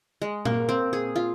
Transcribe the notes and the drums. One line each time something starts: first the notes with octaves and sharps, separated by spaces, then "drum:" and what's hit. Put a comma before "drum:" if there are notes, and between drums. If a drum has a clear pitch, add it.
G#3
A#3, drum: tom A#2
C4
G#4
F4